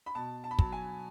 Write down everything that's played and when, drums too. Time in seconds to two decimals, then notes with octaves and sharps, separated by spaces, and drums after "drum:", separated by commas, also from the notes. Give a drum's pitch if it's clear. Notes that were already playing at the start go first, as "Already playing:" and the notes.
0.06 B5
0.15 B2 A5
0.44 A5
0.51 B5
0.59 F#3 A5, drum: kick
0.72 G#5